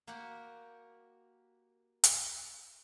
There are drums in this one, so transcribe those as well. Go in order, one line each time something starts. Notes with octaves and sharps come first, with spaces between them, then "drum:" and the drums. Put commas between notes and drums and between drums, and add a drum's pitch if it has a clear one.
A#3 F#4 G4 A#4 F#5
drum: hi-hat